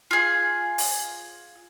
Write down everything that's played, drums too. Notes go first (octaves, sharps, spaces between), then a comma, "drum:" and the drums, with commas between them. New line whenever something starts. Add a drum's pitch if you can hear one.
F4 G#4
drum: open hi-hat